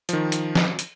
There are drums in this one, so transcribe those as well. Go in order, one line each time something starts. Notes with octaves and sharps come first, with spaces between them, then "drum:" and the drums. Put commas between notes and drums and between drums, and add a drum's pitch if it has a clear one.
D#3 F3, drum: hi-hat
drum: hi-hat
drum: snare
drum: hi-hat